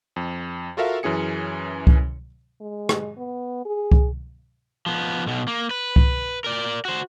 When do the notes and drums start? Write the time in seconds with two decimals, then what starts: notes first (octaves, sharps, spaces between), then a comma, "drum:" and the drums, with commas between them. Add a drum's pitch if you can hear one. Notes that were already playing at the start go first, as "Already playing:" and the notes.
0.16 F2
0.77 F4 F#4 A4 A#4 E5 F5
1.03 F#2 E3 C#4 G#4 C#7
1.87 drum: kick C2
2.61 G#3
2.89 drum: rim click
3.18 B3
3.65 G#4
3.92 drum: kick C2
4.86 F3 B3
5.26 B1 B2
5.48 A#3
5.71 B4
5.96 drum: kick C2
6.44 A#4 D5
6.85 F#4 C5